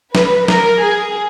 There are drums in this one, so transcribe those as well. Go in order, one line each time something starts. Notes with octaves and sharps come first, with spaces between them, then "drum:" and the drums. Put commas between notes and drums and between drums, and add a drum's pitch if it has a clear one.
B4, drum: snare
A#4, drum: snare
G#4